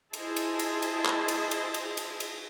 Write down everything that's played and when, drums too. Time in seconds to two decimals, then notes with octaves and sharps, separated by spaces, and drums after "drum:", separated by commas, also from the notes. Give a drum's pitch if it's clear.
0.13 E4 G#4 C5 D#5 G#5 A5, drum: cymbal
0.36 drum: cymbal
0.59 drum: cymbal
0.82 drum: cymbal
1.05 drum: clap
1.28 drum: cymbal
1.51 drum: cymbal
1.74 drum: cymbal
1.97 drum: cymbal
2.20 drum: cymbal